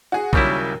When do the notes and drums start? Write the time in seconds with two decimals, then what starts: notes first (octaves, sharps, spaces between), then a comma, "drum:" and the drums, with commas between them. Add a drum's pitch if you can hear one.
0.12 F#4 G#4
0.33 D#2 C#3 F#3 G3 E4, drum: kick A#1